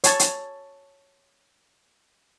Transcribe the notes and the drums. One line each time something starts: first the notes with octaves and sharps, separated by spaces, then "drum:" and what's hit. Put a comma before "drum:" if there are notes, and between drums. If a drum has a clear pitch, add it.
C#5 A5, drum: hi-hat
drum: hi-hat